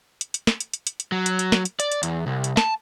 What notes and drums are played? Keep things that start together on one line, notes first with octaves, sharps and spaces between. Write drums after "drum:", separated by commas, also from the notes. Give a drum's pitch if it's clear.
drum: hi-hat
drum: hi-hat
drum: snare
drum: hi-hat
drum: hi-hat
drum: hi-hat
drum: hi-hat
F#3
drum: hi-hat
drum: hi-hat
drum: snare
drum: hi-hat
D5, drum: hi-hat
drum: hi-hat
E2, drum: hi-hat
C2
drum: hi-hat
A5, drum: snare